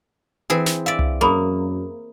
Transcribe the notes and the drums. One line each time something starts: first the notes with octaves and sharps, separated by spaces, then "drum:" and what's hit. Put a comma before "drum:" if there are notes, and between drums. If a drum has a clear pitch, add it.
E3 C4 G#4
drum: snare
D5 E5 F5
drum: tom C2
F#2 A#3 G#4 B5 D#6